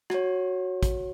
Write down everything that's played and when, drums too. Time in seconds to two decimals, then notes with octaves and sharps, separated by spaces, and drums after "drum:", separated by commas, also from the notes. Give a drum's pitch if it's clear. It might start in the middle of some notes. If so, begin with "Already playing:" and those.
0.10 F#4 C#5, drum: rim click
0.83 drum: kick, hi-hat